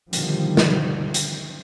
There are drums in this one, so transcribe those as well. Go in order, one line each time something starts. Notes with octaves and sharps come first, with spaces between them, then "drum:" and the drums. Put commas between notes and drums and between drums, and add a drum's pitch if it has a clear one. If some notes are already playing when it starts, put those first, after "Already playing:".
B2 D3 D#3 F3 G3, drum: hi-hat
drum: snare
drum: hi-hat